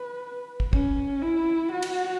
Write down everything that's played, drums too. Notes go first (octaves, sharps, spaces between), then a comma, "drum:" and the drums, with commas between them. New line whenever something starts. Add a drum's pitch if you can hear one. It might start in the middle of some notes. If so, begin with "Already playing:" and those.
Already playing: B4
drum: kick
C#4, drum: kick
E4
F#4
drum: cymbal